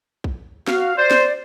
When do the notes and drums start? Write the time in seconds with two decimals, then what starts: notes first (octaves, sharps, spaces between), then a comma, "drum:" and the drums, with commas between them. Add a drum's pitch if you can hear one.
0.24 drum: kick A#1
0.67 F#4 F5, drum: snare
0.97 C5 D5
1.11 drum: snare